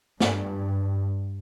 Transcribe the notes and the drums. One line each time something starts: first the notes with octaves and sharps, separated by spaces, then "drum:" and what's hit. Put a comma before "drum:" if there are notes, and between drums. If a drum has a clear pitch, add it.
G2, drum: snare